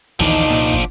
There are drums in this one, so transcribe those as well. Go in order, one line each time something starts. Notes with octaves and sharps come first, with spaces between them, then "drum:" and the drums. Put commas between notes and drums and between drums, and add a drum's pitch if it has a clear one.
A#1 D#2 E3 F3 D4 D#4
C2 A#2
drum: kick